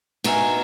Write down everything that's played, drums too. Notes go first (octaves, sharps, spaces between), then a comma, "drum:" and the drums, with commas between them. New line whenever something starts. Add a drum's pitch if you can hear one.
B3 D#4 F#4 A#4 E5 G#5, drum: cymbal